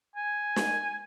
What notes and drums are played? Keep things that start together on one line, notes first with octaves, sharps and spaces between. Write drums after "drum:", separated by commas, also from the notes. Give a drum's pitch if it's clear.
G#5
drum: snare